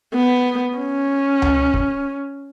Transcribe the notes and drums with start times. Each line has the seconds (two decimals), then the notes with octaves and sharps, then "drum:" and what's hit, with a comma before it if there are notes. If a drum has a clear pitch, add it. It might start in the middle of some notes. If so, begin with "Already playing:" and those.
0.15 B3
0.78 C#4
1.42 drum: tom C#2
1.74 drum: kick